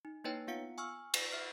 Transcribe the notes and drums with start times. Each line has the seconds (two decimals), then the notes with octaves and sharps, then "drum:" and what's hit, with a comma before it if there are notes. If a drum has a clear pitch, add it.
0.05 D#4
0.24 A#3 D#4 E4 B4 C#5 G5
0.48 B3 F4 F5 F#5 C#7
0.78 G#5 C#6 E6 F6
1.14 drum: cymbal
1.31 E5 F6 C7